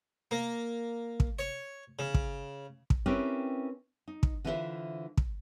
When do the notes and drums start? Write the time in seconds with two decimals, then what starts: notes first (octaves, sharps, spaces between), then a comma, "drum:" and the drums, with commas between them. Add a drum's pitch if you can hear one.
0.31 A#3
1.20 drum: kick
1.39 C#5
1.99 C#3
2.14 drum: kick
2.90 drum: kick
3.06 C4 C#4 E4 G4 A#4 B4
4.08 D#4
4.23 drum: kick
4.45 D3 E3 F4 F#4 C5 E5
5.17 drum: kick